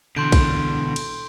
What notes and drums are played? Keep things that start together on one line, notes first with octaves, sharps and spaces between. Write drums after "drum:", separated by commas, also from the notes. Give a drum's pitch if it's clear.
B2 D3 E3 C6 G6 D7
drum: kick B1, cymbal
drum: cymbal